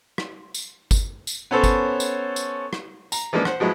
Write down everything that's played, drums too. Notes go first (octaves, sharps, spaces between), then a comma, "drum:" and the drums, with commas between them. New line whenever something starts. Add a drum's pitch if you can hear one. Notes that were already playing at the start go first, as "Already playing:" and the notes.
drum: rim click
drum: tambourine
drum: kick G1, tambourine
drum: tambourine
B3 C#4 A4 C5 C#5
drum: kick G1, tambourine
drum: tambourine
drum: tambourine
drum: rim click
A#5, drum: tambourine
E3 F3 G#3 A#3 D4
C5 F#5, drum: rim click
F3 F#3 G#3 B3 E4